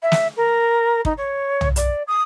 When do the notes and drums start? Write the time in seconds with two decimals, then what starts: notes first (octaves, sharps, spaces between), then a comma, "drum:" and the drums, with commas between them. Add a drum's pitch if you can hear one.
0.02 E5
0.12 drum: snare
0.36 A#4
1.05 D#4, drum: kick
1.17 C#5
1.61 drum: tom
1.76 D5, drum: hi-hat
2.07 D#6